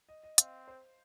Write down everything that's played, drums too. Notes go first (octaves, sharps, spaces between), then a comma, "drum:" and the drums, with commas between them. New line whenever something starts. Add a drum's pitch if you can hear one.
D#5
D#5
C4 F5, drum: hi-hat
C5